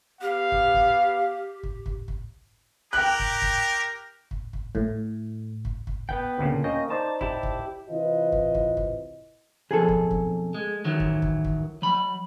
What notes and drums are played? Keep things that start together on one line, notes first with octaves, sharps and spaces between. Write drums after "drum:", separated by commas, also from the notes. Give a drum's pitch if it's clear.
B3 G4 F5
drum: kick
drum: kick
drum: kick
drum: kick
drum: kick
G4 A#4 G5 F#6
drum: kick
drum: kick
drum: kick
drum: kick
A2, drum: kick
drum: kick
drum: kick
B3 B4 G5, drum: kick
D2 A#2 C#3
A#3 C#4 D#5 G5
D#4 C5 D5 A5
E4 G4 A5, drum: kick
drum: kick
C3 E3 E4 F4 B4 D#5
drum: kick
drum: kick
drum: kick
B1 F2 G#4 A4
drum: kick
drum: kick
G#3
D#3 E3 F#3
drum: kick
drum: kick
drum: kick
F#3 B5